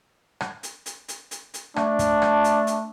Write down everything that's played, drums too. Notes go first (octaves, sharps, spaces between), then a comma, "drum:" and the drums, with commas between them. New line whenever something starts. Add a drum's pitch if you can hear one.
drum: rim click
drum: hi-hat
drum: hi-hat
drum: hi-hat
drum: hi-hat
drum: hi-hat
A3 D4, drum: rim click
drum: kick, hi-hat
drum: rim click
drum: hi-hat
drum: hi-hat